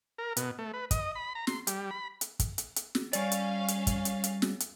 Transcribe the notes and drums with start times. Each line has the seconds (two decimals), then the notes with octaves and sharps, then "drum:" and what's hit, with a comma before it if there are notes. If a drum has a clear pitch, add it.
0.18 A#4
0.37 B2, drum: hi-hat
0.59 A3
0.73 B4
0.91 D#5, drum: kick, hi-hat
1.15 B5
1.35 A#5
1.47 C6, drum: snare
1.67 G3, drum: hi-hat
1.91 B5
2.21 drum: hi-hat
2.40 drum: kick, hi-hat
2.58 drum: hi-hat
2.76 drum: hi-hat
2.95 drum: snare
3.13 G3 C#4 D5 F5, drum: hi-hat
3.32 drum: hi-hat
3.68 drum: hi-hat
3.87 drum: kick, hi-hat
4.05 drum: hi-hat
4.24 drum: hi-hat
4.42 drum: snare
4.60 drum: hi-hat